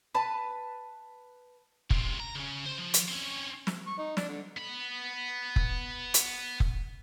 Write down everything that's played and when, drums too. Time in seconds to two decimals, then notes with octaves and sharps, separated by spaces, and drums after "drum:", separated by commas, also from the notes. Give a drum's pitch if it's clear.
0.15 B4 A5
1.90 C#2 C3, drum: kick F1
2.20 A#5
2.35 C#3 C#4
2.66 B1 C5
2.78 F3
2.94 drum: hi-hat
3.08 C4 C#4
3.67 drum: snare
3.87 C#6
3.98 D#4
4.17 D4, drum: snare
4.28 D3
4.57 B3 B5
5.56 drum: kick F1
6.14 drum: hi-hat
6.60 drum: kick F1